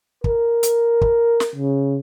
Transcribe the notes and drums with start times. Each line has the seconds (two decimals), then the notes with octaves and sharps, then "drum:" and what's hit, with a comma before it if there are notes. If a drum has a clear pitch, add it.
0.24 A#4, drum: kick
0.63 drum: hi-hat
1.01 drum: kick
1.40 drum: snare
1.56 C#3